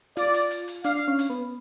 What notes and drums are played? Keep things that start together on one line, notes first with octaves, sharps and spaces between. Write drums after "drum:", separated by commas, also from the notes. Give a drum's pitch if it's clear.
F4 D5, drum: hi-hat
drum: hi-hat
drum: hi-hat
drum: hi-hat
D4 F5, drum: hi-hat
C#4
drum: hi-hat
B3